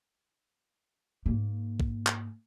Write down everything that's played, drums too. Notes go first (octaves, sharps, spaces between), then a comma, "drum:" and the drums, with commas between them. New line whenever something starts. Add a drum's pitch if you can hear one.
G#2 A#3
drum: kick A1
drum: clap